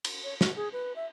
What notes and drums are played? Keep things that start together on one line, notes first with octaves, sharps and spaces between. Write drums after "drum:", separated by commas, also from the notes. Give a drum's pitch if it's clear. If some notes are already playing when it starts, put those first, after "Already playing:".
drum: cymbal
C#5
F#4, drum: snare
G#4
B4
E5